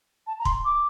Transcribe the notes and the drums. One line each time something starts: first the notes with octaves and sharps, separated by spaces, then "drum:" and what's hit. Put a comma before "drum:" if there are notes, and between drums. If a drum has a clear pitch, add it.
A5
A#5
C6, drum: kick
D6